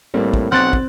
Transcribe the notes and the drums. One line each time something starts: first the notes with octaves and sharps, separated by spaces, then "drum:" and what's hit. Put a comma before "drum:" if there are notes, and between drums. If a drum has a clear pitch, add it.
A2 G3 A#3 C4
drum: kick
B1 C4 F#5 F#6 A6
drum: kick